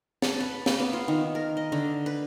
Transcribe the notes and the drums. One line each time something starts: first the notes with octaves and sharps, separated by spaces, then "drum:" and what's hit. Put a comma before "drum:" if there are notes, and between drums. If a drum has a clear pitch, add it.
A5, drum: snare
B4
A#3, drum: snare
B3
F4
D#3
A#4
D#5
D3
B4